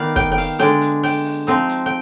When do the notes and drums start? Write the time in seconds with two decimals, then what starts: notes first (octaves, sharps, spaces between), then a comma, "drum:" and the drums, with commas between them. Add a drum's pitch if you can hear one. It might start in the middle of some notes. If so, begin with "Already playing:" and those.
Already playing: D#3 B3 D#4 D5 F5
0.16 G5, drum: kick, hi-hat
0.32 G5
0.38 F5, drum: open hi-hat
0.59 D3 G#3 D4 G5, drum: hi-hat
0.81 drum: hi-hat
1.03 G5, drum: open hi-hat
1.25 drum: open hi-hat
1.47 F3 C4 D#4, drum: hi-hat
1.69 drum: hi-hat
1.86 G5